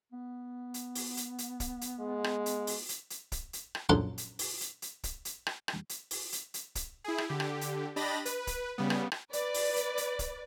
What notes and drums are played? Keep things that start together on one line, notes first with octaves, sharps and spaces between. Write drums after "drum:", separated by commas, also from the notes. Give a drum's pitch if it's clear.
B3
drum: hi-hat
drum: open hi-hat
drum: hi-hat
drum: hi-hat
drum: kick, hi-hat
drum: hi-hat
G#3
drum: rim click
drum: hi-hat
drum: open hi-hat
drum: hi-hat
drum: hi-hat
drum: kick, hi-hat
drum: hi-hat
drum: rim click
A#1 F#2 A4 C5 F#5 C6
drum: hi-hat
drum: open hi-hat
drum: hi-hat
drum: hi-hat
drum: kick, hi-hat
drum: hi-hat
drum: rim click
drum: rim click
drum: hi-hat
drum: open hi-hat
drum: hi-hat
drum: hi-hat
drum: kick, hi-hat
E4 G#4
drum: rim click
D3 G4
drum: rim click
drum: hi-hat
D4 G4 D#5 B5 A6 A#6
B4, drum: hi-hat
drum: kick, hi-hat
C#3 G3 B3
drum: rim click
drum: rim click
B4 D5, drum: hi-hat
drum: open hi-hat
drum: hi-hat
drum: hi-hat
drum: kick, hi-hat